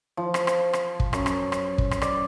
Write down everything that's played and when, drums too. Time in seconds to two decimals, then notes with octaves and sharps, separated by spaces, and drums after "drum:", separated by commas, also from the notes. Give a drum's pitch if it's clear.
0.17 F3
0.34 drum: rim click
0.47 drum: rim click
0.73 drum: rim click
1.00 drum: kick
1.13 F#2, drum: rim click
1.26 drum: rim click
1.52 drum: rim click
1.78 drum: kick
1.91 drum: rim click
2.02 D5, drum: rim click